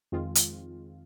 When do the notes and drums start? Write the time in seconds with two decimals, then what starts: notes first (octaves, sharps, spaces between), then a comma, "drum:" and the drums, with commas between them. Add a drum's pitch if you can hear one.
0.12 F2 D#3 G#3 C4 F4
0.35 drum: hi-hat